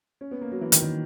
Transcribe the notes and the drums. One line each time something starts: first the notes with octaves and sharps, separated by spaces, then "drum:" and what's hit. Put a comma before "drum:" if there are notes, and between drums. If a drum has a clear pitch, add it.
C#4
B3
A#3
F#3
E3
D#3, drum: hi-hat
D#3